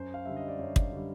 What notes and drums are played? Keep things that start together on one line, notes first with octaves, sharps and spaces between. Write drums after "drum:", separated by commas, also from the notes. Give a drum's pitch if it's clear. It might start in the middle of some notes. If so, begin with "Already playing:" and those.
Already playing: F#2 C5
F5
D3 G3 E5
D#5
D5
F#2 C#5
drum: kick
D3 G3